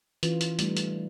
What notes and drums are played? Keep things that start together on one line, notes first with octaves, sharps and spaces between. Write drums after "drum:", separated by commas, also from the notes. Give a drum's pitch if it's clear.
E3 C#4 F4, drum: hi-hat
drum: hi-hat
G3 A3 D#4, drum: hi-hat
drum: hi-hat